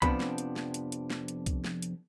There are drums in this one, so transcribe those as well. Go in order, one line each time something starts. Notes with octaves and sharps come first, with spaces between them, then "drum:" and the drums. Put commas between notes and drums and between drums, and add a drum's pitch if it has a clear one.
F2 C3 F3 B3 D4 B5, drum: kick C2, hi-hat
drum: snare
drum: hi-hat
drum: snare
drum: hi-hat
drum: hi-hat
drum: snare
drum: hi-hat
drum: kick C2, hi-hat
drum: snare
drum: hi-hat